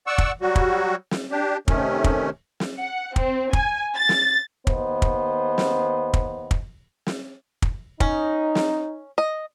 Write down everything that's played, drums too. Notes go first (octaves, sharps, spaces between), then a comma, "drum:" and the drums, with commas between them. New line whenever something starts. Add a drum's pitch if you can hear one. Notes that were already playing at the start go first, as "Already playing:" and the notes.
D5 F#5 C#6 E6
drum: kick
F#3 G3 F#4
drum: kick
drum: snare
D4 G4
C3 D#3 A3 C#4, drum: kick
drum: kick
drum: snare
F#5
C4, drum: kick
G#5, drum: kick
A6
drum: snare
D#2 B3 C5 D#5, drum: kick
drum: kick
drum: snare
drum: kick
drum: kick
drum: snare
drum: kick
C#4 D#4, drum: kick
drum: snare
D#5